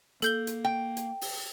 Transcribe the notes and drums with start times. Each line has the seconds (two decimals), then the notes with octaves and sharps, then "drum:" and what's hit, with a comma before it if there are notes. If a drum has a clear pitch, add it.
0.22 A#3 A4 G6 G7, drum: hi-hat
0.47 drum: hi-hat
0.65 G5
0.97 drum: hi-hat
1.21 drum: open hi-hat